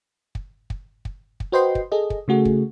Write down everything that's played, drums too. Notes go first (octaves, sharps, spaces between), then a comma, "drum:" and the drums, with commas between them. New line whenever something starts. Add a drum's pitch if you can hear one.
drum: kick
drum: kick
drum: kick
drum: kick
F#4 B4 C5 D#5 G5 C6
drum: kick
G#4 A4 D#5
drum: kick
C#3 A3 F#4 G#4
drum: kick